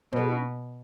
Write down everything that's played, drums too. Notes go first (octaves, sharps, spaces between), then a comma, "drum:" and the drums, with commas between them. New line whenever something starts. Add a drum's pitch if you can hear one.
B2, drum: tom